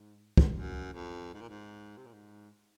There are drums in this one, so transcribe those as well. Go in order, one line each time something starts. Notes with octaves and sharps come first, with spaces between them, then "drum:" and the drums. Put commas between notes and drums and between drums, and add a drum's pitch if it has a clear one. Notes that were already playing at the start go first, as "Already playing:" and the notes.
Already playing: G#2
drum: kick
F#2
F2
G#2
A#2
G#2
C3
A#2
G#2